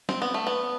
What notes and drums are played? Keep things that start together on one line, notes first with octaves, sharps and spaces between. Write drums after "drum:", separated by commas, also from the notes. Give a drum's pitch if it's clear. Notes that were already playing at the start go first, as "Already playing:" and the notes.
C4, drum: snare
B3
A3
B3